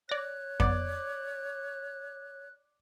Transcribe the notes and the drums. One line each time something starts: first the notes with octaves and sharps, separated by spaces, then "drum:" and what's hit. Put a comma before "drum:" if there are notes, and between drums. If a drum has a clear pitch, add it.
C#5 D5 F#6 A#6
B3 D5, drum: kick F2